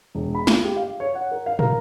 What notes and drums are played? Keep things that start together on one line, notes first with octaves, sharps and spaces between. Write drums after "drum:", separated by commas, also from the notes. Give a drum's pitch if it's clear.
E1
B5
F4, drum: snare
G4
F5
C#5
F#5
A#4
F5
A#4, drum: tom